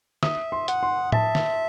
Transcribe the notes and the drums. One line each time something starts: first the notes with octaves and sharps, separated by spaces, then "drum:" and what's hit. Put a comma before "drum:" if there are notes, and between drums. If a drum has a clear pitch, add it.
E5 D#6, drum: snare
C6
F#5, drum: hi-hat
C6
E5 A5, drum: tom A2
drum: snare